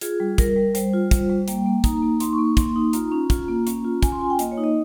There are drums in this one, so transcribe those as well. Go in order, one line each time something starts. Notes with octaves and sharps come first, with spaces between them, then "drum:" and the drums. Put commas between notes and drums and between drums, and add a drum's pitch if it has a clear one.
F4 G#4, drum: hi-hat
G3
G3 A#4, drum: kick, hi-hat
G3
G3 C5, drum: hi-hat
F4
G3, drum: kick, hi-hat
G3
A#3 G5, drum: hi-hat
A#3
D#4 A#5, drum: kick, hi-hat
A#3
D#4 C6, drum: hi-hat
C#6
A#3
C#6
A#3 C6, drum: kick, hi-hat
D#4
F4 A#5, drum: hi-hat
C#4
F4, drum: kick, hi-hat
A#3
C#4, drum: hi-hat
F4
C#4 G#5, drum: kick, hi-hat
C6
F4 G#5
G5
A#3 D#5, drum: hi-hat
C#5
D#4
D#5